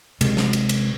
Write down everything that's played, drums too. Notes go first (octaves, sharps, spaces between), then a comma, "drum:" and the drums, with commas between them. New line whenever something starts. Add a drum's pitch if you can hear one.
C3 G#3, drum: cymbal
drum: snare
drum: cymbal
drum: cymbal